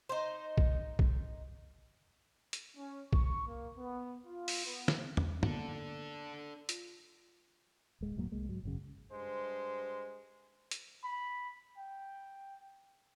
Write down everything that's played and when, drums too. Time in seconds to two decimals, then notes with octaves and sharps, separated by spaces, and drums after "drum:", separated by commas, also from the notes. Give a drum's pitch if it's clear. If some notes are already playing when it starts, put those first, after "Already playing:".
0.09 D#4 C5
0.58 drum: kick
0.99 drum: kick
2.53 drum: hi-hat
2.77 C#4
3.13 C#6, drum: kick
3.47 A#3
3.78 B3
4.26 F4
4.48 drum: open hi-hat
4.65 B3
4.88 drum: snare
5.17 drum: tom E2
5.43 D3 A#3 B3 D4 A4, drum: tom
6.69 F4, drum: hi-hat
8.01 D1 G#3
8.17 D#1 G#2 F#3 A#3
8.31 C2 G#3 A#3
8.49 G#2 F#3
8.63 G#1 F#2 C#3
9.11 G2 G#3 C5
10.71 drum: hi-hat
11.04 B5
11.78 G5